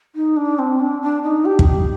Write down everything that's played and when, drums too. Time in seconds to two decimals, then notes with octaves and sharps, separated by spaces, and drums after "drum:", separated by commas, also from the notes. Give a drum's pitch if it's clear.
0.15 D#4
0.37 D4
0.59 C4
0.80 D4
1.02 D4
1.23 D#4
1.45 G4
1.59 drum: kick